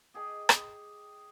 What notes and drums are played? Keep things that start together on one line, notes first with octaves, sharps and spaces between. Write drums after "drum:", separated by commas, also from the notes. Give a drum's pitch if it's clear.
G4 G#4 D#5 A5
drum: rim click